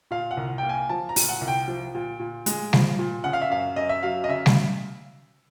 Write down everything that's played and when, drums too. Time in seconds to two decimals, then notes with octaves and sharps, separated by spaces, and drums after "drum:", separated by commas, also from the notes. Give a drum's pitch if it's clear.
0.11 A#2 F5
0.31 F#5
0.37 C2
0.58 A#3 G5
0.69 G#5
0.89 F3 A5
1.09 A#5
1.16 A#2, drum: open hi-hat
1.29 F#5
1.41 C2
1.48 G5
1.68 F3
1.94 A#2
2.20 A#2
2.46 G#3, drum: hi-hat
2.73 F3, drum: snare G3
2.99 A#2
3.24 C#3 F#5
3.33 F5
3.42 E5
3.50 F#2 F5
3.76 F#2 D#5
3.89 E5
4.03 F#3 F5
4.24 D#5
4.29 C#3 E5
4.46 drum: snare G3